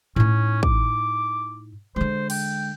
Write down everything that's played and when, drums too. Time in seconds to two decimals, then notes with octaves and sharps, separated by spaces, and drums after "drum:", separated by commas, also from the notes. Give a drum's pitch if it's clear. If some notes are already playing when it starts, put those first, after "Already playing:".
0.16 A2 C#4 D#4
0.63 D6, drum: kick
1.96 D3 G#3 C5
2.30 G5, drum: cymbal